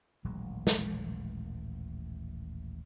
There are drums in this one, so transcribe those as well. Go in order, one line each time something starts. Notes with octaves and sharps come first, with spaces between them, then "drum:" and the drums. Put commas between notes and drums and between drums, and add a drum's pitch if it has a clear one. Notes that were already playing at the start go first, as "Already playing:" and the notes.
D#1 A1 F#3 G#3
drum: snare